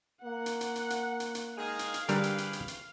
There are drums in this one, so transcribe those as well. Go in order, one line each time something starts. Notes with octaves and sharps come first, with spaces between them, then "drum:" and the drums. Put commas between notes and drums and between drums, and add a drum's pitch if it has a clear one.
A#3 F#5
drum: hi-hat
drum: hi-hat
drum: hi-hat
drum: hi-hat
drum: hi-hat
drum: hi-hat
D#3 G#3 G#4 F5
drum: hi-hat
drum: hi-hat
D3 G3 G4 G#4 A#4 B4, drum: hi-hat
drum: hi-hat
drum: hi-hat
drum: hi-hat
drum: hi-hat